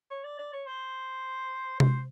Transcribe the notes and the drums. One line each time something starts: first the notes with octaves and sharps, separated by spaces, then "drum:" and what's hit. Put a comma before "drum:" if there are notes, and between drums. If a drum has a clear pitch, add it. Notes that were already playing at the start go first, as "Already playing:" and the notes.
C#5
D5
D5
C#5
C5
C5, drum: tom C3